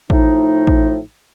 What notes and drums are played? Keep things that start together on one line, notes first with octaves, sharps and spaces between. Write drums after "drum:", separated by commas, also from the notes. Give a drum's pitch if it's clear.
A2 F3 A3 D#4, drum: kick A1
drum: kick A1